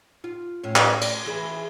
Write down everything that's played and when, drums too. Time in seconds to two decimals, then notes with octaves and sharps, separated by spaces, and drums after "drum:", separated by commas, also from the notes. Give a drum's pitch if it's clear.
0.24 F4
0.64 A2 C#4
0.76 drum: clap
1.01 D5, drum: cymbal
1.26 E3 G#4 B4